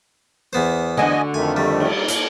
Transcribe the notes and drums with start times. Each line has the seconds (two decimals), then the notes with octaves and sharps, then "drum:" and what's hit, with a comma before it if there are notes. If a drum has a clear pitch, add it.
0.53 E2 B3 C5
0.97 D3 D4 F#4 D#5 G#5
1.34 F2 D#3 A3 G#5
1.57 G3
1.80 drum: cymbal
1.95 A#3
2.08 drum: hi-hat